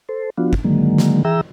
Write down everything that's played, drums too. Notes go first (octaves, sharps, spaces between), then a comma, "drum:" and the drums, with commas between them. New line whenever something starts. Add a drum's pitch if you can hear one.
A4 C5
F3 B3 D4 F4 F#4
drum: kick
D3 D#3 F#3 G#3 A#3
drum: snare
E3 G#4 E5 G5 A#5 E6